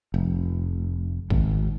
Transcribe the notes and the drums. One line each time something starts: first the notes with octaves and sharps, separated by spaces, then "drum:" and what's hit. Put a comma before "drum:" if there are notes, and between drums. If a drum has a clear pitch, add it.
F1
G#1, drum: kick A1